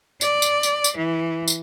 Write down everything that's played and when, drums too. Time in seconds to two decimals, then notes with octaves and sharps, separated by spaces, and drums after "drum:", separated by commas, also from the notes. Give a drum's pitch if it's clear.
0.21 D5, drum: tambourine
0.42 drum: tambourine
0.63 drum: tambourine
0.84 drum: tambourine
0.97 E3
1.48 drum: tambourine